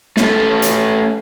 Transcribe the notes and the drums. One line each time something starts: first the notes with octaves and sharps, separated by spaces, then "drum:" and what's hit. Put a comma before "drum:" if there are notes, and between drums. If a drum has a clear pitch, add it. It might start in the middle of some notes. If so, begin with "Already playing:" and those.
A3 C#4 A4, drum: snare
drum: hi-hat